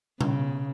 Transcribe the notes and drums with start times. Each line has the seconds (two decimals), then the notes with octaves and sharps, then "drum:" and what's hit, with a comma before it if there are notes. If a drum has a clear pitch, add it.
0.21 C#3, drum: tom B2